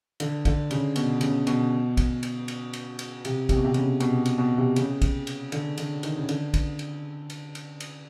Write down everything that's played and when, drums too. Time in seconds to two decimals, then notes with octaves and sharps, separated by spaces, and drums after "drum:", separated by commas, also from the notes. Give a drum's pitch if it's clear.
0.20 D3, drum: cymbal
0.45 D3, drum: kick, cymbal
0.71 C#3, drum: cymbal
0.96 B2, drum: cymbal
1.21 C#3, drum: cymbal
1.47 B2, drum: cymbal
1.97 drum: kick, cymbal
2.23 drum: cymbal
2.48 drum: cymbal
2.73 drum: cymbal
2.99 drum: cymbal
3.25 C3, drum: cymbal
3.49 C3, drum: kick, cymbal
3.56 B2
3.64 C3
3.74 C#3, drum: cymbal
4.00 B2, drum: cymbal
4.26 drum: cymbal
4.38 B2
4.58 C3
4.76 C#3, drum: cymbal
5.02 drum: kick, cymbal
5.27 drum: cymbal
5.52 D3, drum: cymbal
5.78 D3, drum: cymbal
6.03 D#3, drum: cymbal
6.19 C#3
6.29 D3, drum: cymbal
6.54 drum: kick, cymbal
6.79 drum: cymbal
7.30 drum: cymbal
7.55 drum: cymbal
7.80 drum: cymbal